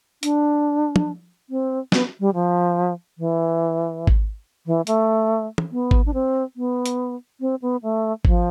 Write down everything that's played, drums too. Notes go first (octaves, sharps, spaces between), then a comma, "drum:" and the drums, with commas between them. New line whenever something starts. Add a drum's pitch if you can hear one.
D4, drum: hi-hat
drum: tom
C4
B3, drum: snare
G3
F3
E3
drum: kick G#1
E3
A3, drum: hi-hat
drum: tom
B3
drum: kick G#1
D4
C4
B3
drum: hi-hat
C4
B3
A3
F3, drum: kick G#1